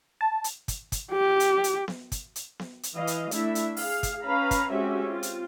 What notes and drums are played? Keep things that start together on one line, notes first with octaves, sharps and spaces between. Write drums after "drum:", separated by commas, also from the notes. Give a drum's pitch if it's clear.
A5
drum: hi-hat
drum: kick, hi-hat
drum: kick, hi-hat
G4
drum: hi-hat
drum: hi-hat
drum: snare B3
drum: kick, hi-hat
drum: hi-hat
drum: snare B3
drum: hi-hat
E3 D#5 F5
drum: hi-hat
A3 D4 E4 E5, drum: hi-hat
drum: hi-hat
G#4 F5, drum: open hi-hat
drum: kick, hi-hat
C#4 B4 F5 A#5 B5
drum: kick, hi-hat
G#3 C4 C#4 F#4 G4 E5
C4 F4
drum: hi-hat